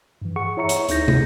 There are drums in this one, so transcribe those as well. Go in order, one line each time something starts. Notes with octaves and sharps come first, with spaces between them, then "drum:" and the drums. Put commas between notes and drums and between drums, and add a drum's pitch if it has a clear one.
G2 E3
G#4 F#5 C#6 C#7
E4 C#5 E5 A#5 C#6 C#7
drum: hi-hat
D2 D#4 G#4 G6 A#6, drum: hi-hat
drum: tom